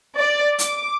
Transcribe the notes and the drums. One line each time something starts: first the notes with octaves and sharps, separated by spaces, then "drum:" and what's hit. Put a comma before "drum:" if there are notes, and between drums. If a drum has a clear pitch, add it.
D5
D6, drum: hi-hat